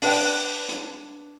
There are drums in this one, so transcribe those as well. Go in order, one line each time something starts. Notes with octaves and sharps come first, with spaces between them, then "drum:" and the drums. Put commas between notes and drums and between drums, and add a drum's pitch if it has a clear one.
D4 B4 G5, drum: open hi-hat
drum: hi-hat